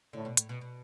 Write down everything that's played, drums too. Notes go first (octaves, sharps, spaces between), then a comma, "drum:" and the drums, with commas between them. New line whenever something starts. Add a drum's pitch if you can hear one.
A2 D3
B2
A2, drum: hi-hat
B2
B2